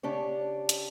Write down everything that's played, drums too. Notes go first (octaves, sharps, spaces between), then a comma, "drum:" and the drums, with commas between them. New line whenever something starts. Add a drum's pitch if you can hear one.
C#3 D4 G4 C#5
drum: hi-hat